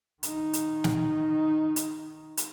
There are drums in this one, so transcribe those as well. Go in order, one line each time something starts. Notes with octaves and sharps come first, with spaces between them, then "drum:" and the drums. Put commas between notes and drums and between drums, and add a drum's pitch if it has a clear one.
D#3 D#4, drum: hi-hat
drum: hi-hat
drum: snare
drum: hi-hat
drum: hi-hat